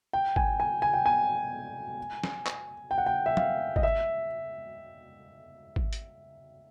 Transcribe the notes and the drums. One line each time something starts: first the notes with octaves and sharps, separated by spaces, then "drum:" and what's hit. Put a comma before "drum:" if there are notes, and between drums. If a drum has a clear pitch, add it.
G5
G#5, drum: kick G#1
G#5
G#5
G5
G#5
drum: snare
drum: clap
G5
F#5
G5
E5
F5, drum: tom
D#5, drum: kick G#1
E5
drum: kick G#1
drum: hi-hat